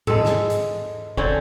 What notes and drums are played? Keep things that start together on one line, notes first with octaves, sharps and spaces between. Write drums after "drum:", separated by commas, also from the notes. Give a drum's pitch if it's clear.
G#3 A4, drum: tom G#2
drum: snare
drum: hi-hat
D3 C4 C#4, drum: kick